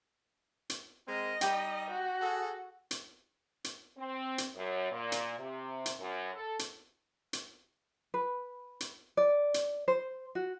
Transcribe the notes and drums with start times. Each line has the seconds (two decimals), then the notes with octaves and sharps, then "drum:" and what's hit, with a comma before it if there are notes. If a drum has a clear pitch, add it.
0.70 drum: hi-hat
1.08 G#3 C4 A#4 D#5
1.41 G3 D#4 G4 G5, drum: hi-hat
1.91 F#4
2.21 G#4 A4
2.91 drum: hi-hat
3.64 drum: hi-hat
3.98 C4
4.38 drum: hi-hat
4.56 F#2
4.91 A#2
5.12 drum: hi-hat
5.38 C3
5.86 drum: hi-hat
5.99 F#2
6.34 A4
6.59 drum: hi-hat
7.33 drum: hi-hat
8.14 B4
8.80 drum: hi-hat
9.17 D5
9.54 drum: hi-hat
9.88 C5
10.35 F#4